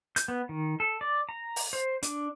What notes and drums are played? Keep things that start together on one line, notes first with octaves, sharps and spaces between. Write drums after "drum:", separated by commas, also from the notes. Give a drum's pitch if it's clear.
G6, drum: hi-hat
B3
D#3
A4
D5
A#5
drum: open hi-hat
C5
D4, drum: hi-hat